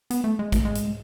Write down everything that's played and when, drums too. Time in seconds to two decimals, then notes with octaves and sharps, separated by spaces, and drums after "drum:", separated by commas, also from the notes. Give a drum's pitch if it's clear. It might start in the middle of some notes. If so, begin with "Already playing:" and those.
0.10 B3, drum: hi-hat
0.24 A3
0.39 G#3
0.52 A3, drum: kick, hi-hat
0.65 G#3
0.75 drum: hi-hat